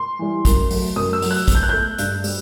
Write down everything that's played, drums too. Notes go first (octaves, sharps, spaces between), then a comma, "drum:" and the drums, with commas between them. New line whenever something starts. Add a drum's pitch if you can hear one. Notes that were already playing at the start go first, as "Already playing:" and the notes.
Already playing: C6
E3 G3
F#2, drum: kick, hi-hat
F#3 A3, drum: open hi-hat
F#2 D#6
E6
F#3 A3, drum: open hi-hat
F#6
B2, drum: kick, hi-hat
G6
F#6
A3 G6
G2, drum: hi-hat
G3, drum: open hi-hat